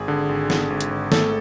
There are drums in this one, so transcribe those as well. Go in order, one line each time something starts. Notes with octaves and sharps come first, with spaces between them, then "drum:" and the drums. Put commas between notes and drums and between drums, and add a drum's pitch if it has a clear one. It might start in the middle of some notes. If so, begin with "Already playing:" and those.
Already playing: G#1 G#4
D3
G#1
D3, drum: snare
G#1
drum: hi-hat
G#1
A3 A4, drum: snare